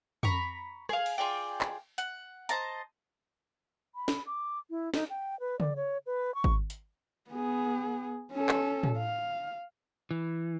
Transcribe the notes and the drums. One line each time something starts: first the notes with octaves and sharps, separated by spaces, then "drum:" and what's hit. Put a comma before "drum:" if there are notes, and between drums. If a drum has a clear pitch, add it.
A#5 B5 C#6, drum: tom F2
G#4 F5, drum: rim click
drum: cymbal
F4 G#4 D5 G5
drum: clap
F#5, drum: hi-hat
C5 D#5 A5 A#5, drum: hi-hat
B5
drum: snare
D6
E4
D#4, drum: snare
G5
B4
D5, drum: tom C#3
C#5
B4
C#6
drum: kick G#1
drum: hi-hat
B3 G#4
C#4 A4
drum: clap
drum: tom
F5
E3